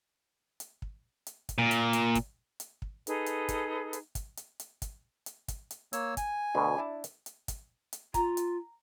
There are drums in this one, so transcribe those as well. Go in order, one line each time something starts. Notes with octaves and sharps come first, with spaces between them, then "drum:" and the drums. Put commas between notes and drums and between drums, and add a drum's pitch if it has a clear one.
drum: hi-hat
drum: kick
drum: hi-hat
drum: kick, hi-hat
A#2
drum: hi-hat
drum: hi-hat
drum: kick, hi-hat
drum: hi-hat
drum: kick
D#4 G#4 A4 B4, drum: hi-hat
drum: hi-hat
drum: kick, hi-hat
drum: hi-hat
drum: kick, hi-hat
drum: hi-hat
drum: hi-hat
drum: kick, hi-hat
drum: hi-hat
drum: kick, hi-hat
drum: hi-hat
A#3 C#5 E6, drum: hi-hat
G#5, drum: kick, hi-hat
D2 B2 B3
D4 E4 A5
drum: hi-hat
drum: hi-hat
drum: kick, hi-hat
drum: hi-hat
F4 A#5, drum: kick, hi-hat
drum: hi-hat